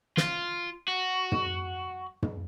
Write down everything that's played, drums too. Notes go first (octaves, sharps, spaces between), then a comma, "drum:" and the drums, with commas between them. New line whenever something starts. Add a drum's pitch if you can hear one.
F4, drum: snare
F#4
drum: tom
drum: tom